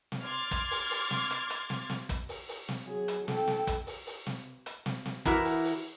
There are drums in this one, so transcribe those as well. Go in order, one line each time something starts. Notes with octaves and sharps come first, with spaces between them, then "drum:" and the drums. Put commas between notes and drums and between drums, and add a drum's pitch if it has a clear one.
drum: snare
C6 D6 F6 G#6 A6
drum: kick, hi-hat
drum: open hi-hat
drum: open hi-hat
drum: snare
drum: hi-hat
drum: hi-hat
drum: snare
drum: snare
drum: kick, hi-hat
drum: open hi-hat
drum: open hi-hat
drum: snare
F#3 G#4
drum: hi-hat
A4 G5, drum: snare
drum: snare
drum: kick, hi-hat
drum: open hi-hat
drum: open hi-hat
drum: snare
drum: hi-hat
drum: snare
drum: snare
E3 E4 F#4 A#4, drum: kick, hi-hat
drum: open hi-hat
drum: open hi-hat